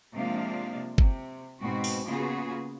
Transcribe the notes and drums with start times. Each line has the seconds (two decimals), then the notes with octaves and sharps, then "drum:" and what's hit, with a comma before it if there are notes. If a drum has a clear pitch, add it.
0.14 C3 F3 G#3 A#3 D4 F5
0.98 C3, drum: kick G1
1.60 G#2 B2 C4 F#4
1.84 drum: open hi-hat
2.04 C#3 A#3 B3 F4 F#4 G#4